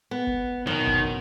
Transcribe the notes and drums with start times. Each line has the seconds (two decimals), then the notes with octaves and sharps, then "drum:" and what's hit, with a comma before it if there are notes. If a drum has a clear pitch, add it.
0.11 B3
0.27 drum: kick
0.67 F#2 B2 D#3
0.87 drum: kick